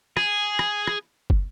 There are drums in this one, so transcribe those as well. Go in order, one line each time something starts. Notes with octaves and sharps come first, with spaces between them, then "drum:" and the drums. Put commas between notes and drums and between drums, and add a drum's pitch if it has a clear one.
G#4, drum: rim click
drum: rim click
drum: rim click
drum: kick